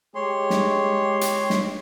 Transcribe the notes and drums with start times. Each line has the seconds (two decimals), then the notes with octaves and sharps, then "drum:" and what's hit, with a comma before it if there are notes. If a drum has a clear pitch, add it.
0.15 G#3 G4 C#5 C6
0.50 drum: snare
1.21 drum: hi-hat
1.50 drum: snare